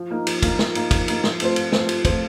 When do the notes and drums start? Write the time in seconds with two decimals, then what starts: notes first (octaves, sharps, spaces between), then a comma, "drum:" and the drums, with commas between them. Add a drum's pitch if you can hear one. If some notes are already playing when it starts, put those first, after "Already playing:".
Already playing: F3
0.11 A#3 D#4
0.27 F3, drum: cymbal
0.42 A#3 D#4, drum: kick, cymbal
0.59 F3, drum: snare
0.75 A#3 D#4, drum: cymbal
0.91 F3, drum: kick, cymbal
1.08 A#3 D#4, drum: cymbal
1.24 F3, drum: snare
1.40 A3 C4 F4 C5, drum: cymbal
1.56 F3, drum: cymbal
1.72 A3 C4 F4 C5, drum: snare
1.89 F3, drum: cymbal
2.05 A3 C4 F4 C5, drum: kick, cymbal